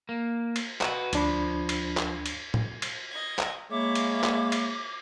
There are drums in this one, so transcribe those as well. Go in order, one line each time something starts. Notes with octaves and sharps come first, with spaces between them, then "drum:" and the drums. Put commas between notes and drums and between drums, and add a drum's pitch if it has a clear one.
A#3
drum: cymbal
F#4 B4, drum: clap
D2 F3 D4 B5, drum: cymbal
drum: cymbal
drum: clap
drum: cymbal
drum: tom
drum: cymbal
D#5 G#6
drum: clap
G#3 A#3 C#5 E5 B5 D6
drum: cymbal
drum: clap
drum: cymbal